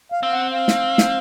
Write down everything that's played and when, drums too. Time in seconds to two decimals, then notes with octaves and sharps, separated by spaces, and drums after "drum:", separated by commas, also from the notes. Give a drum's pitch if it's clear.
0.12 F5
0.23 C4 F5
0.33 F#5
0.53 F5
0.68 drum: snare
0.98 drum: snare